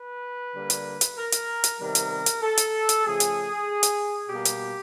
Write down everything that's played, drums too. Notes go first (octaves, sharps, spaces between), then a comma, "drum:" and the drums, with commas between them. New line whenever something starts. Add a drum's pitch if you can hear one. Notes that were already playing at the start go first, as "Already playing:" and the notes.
Already playing: B4
D3 G3 A#3
drum: hi-hat
drum: hi-hat
A#4
drum: hi-hat
drum: hi-hat
C3 D#3 G3 B3 A#4
drum: hi-hat
drum: hi-hat
A4
drum: hi-hat
drum: hi-hat
C#3 F3 A3 G#4
drum: hi-hat
drum: hi-hat
B2 G3 A#3 G4
drum: hi-hat